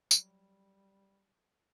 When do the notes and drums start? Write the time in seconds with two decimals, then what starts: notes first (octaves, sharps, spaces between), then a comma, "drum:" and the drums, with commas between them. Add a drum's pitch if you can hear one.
0.11 F#3 G3, drum: tambourine